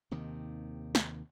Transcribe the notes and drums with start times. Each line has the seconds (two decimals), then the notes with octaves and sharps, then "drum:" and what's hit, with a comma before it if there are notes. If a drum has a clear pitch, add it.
0.11 D#2 C3 D#3
0.95 drum: snare